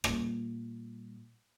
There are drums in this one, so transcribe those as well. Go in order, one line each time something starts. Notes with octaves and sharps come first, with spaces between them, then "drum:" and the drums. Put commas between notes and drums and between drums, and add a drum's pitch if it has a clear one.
A#2 G3, drum: rim click